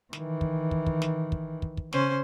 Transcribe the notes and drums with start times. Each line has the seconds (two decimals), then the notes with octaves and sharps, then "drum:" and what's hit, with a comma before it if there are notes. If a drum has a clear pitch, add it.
0.13 D#3 E3, drum: snare
0.41 drum: kick
0.71 drum: kick
0.86 drum: kick
1.02 drum: snare
1.32 drum: kick
1.62 drum: kick
1.77 drum: kick
1.93 C#3 C#4 C5, drum: snare